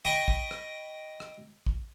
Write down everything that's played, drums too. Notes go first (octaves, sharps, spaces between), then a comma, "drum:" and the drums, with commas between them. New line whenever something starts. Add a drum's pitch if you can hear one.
D#5 G5 B5 C#6
drum: kick
drum: rim click
drum: rim click
drum: kick